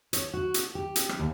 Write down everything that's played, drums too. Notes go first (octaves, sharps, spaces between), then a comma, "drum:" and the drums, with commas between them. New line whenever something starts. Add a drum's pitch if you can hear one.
C#5, drum: hi-hat
F#4
drum: hi-hat
G4
drum: hi-hat
drum: rim click
D#2